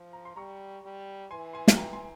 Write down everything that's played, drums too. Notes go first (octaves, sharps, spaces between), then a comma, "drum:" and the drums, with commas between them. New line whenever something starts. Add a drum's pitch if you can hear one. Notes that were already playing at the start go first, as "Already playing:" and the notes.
Already playing: F3
A#5
C6
G3 A#5 C#6
G3
E3 G#5 C6
G#5 C6
drum: snare
G5 A#5
G#5 C6